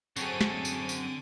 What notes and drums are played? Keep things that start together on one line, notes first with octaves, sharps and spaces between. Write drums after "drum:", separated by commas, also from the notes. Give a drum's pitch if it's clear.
F#2 D3 C4 G#4 A4 C#5 D7 D#7, drum: tambourine
drum: snare
drum: tambourine
drum: tambourine